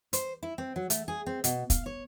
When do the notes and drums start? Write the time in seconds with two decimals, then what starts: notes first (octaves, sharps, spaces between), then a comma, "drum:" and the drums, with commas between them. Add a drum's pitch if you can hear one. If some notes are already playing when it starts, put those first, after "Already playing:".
0.13 C5, drum: hi-hat
0.43 E4
0.58 C4
0.76 F#3
0.90 A3, drum: hi-hat
1.08 G#4
1.26 C4
1.44 B2, drum: hi-hat
1.70 F5, drum: kick, hi-hat
1.86 C#5